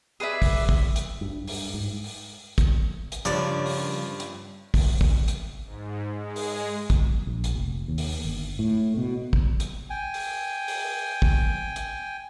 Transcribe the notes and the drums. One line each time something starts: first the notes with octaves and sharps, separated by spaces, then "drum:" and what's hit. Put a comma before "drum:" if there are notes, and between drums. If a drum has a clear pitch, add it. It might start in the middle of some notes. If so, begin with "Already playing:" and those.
G#4 B4 D5 E5
drum: kick, open hi-hat
drum: kick
drum: hi-hat
G2
G2, drum: open hi-hat
G#2
drum: open hi-hat
drum: kick, hi-hat
drum: hi-hat
G2 C#3 F3 A#3 C#5 D5
drum: open hi-hat
drum: hi-hat
drum: kick, open hi-hat
drum: kick
drum: hi-hat
G#2
G#3
drum: open hi-hat
drum: kick, hi-hat
A#1
drum: hi-hat
F1
D#2
drum: open hi-hat
G1
A2
B2
drum: kick
drum: hi-hat
G5 G#5
drum: open hi-hat
drum: open hi-hat
drum: kick
drum: hi-hat